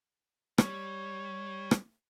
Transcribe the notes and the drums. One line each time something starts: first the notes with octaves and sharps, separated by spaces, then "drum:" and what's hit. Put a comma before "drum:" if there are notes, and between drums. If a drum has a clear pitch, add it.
G3 C#5, drum: rim click
drum: rim click